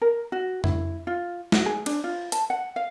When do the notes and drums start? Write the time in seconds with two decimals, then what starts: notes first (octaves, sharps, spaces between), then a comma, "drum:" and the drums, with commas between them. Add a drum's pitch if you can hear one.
0.02 A#4
0.32 F#4
0.64 E4, drum: tom F2
1.07 F4
1.52 F#4, drum: snare
1.66 G#4
1.86 D4, drum: cymbal
2.04 F4
2.32 A5, drum: hi-hat
2.50 F#5
2.76 F5